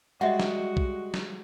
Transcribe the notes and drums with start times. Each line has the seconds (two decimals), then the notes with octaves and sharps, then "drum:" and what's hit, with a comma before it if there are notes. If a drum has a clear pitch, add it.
0.21 G3 G#3 F#4 D#5 E5 F#5
0.40 drum: snare
0.77 drum: kick B1
1.14 drum: snare